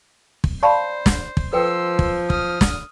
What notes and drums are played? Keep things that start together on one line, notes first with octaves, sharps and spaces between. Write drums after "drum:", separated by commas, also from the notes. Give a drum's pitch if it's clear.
drum: kick
C5 D5 F5 A5 B5 C#6
drum: snare
drum: kick
F3 A4 B4 G5 C6 E6
drum: kick
D#6 F6, drum: kick
drum: snare